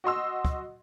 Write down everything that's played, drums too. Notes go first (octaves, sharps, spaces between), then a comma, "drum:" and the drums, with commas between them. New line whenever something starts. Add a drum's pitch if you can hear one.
F#4 D#5 C6 E6
drum: kick